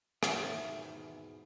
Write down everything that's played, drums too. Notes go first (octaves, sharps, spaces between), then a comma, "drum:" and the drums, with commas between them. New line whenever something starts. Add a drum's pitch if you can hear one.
E2 G#2 B2 D#3 E5, drum: rim click